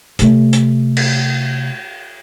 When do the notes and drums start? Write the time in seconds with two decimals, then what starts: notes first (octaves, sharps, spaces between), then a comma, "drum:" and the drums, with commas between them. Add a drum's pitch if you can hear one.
0.19 C3 A3, drum: hi-hat
0.53 drum: hi-hat
0.97 drum: cymbal